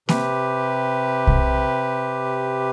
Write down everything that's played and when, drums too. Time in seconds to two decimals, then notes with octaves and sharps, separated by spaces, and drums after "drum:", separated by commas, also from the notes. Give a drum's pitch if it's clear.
0.09 C3 G4 B4, drum: snare A#3
1.27 drum: kick